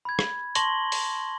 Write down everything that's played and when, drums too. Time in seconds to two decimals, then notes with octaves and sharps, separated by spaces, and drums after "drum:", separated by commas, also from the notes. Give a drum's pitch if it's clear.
0.05 B5 G#6
0.19 drum: rim click
0.55 A5 C6 C#6 A#6 F#7 G7, drum: hi-hat
0.92 drum: open hi-hat